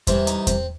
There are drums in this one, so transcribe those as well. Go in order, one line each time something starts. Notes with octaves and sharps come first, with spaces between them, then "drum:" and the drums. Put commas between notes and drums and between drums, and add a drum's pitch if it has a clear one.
C2 C3 E3 C4, drum: kick E2, hi-hat
D#4, drum: hi-hat
C4, drum: kick E2, hi-hat